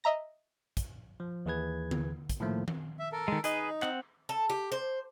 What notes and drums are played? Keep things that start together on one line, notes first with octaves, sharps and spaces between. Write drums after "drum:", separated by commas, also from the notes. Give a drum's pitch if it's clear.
D#5 E5 A#5 A#6
drum: kick, hi-hat
F3
D#2 E3 G#4 B4 G#6
drum: tom D3
drum: kick, hi-hat
A2 D#3 F3 A3 A#3
drum: tom D#3
E5
A4 A#4
D#3 G#3
D#4 G#4 B4 D#5, drum: hi-hat
C4 F#5, drum: clap
A4
G4
C5